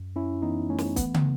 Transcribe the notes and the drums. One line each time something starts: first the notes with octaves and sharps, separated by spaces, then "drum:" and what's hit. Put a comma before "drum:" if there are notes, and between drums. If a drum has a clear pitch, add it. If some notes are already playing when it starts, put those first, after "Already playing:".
Already playing: F#2
F#2 C#4 E4
E3 B3 D#4
A3 C#4
drum: snare
E3 B3, drum: kick, hi-hat
drum: tom